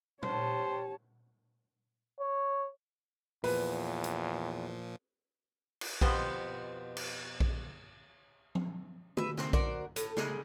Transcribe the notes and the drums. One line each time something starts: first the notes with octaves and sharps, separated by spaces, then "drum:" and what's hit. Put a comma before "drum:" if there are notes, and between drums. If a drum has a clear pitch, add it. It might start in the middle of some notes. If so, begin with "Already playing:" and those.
G2 C5 C#5 A5, drum: tom A#2
C#5
E2 A#2 F3 B4, drum: open hi-hat
drum: hi-hat
drum: cymbal
F2 B2 B3 G4 C5, drum: kick A#1
drum: cymbal
drum: kick A#1
drum: tom F3
B4 E5, drum: tom
C3 C4, drum: snare
F#4 A#4 C5 D5, drum: kick A#1
A2, drum: hi-hat
C#3 G3 G#3, drum: snare